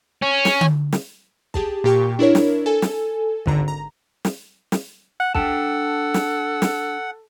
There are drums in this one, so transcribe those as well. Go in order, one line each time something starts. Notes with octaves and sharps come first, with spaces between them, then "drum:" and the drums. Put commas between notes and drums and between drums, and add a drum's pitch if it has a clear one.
C#4
drum: snare
drum: tom D3
drum: snare
G4 G#4 A5, drum: kick
A#2 G4 G5 C#6
D4 E4 A#4 C#5
drum: snare
A4 G#5
drum: snare
G#1 D3 A#5, drum: kick
A#5
drum: snare
drum: snare
F#5
D4 A4 F#5 G5 A5, drum: kick
drum: snare
drum: snare